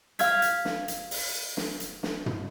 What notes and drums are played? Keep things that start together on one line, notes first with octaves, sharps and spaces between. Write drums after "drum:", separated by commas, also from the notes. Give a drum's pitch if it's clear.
F5 F6 G#6 B6, drum: hi-hat
drum: hi-hat
drum: snare
drum: hi-hat
drum: open hi-hat
drum: snare
drum: hi-hat
drum: snare
drum: tom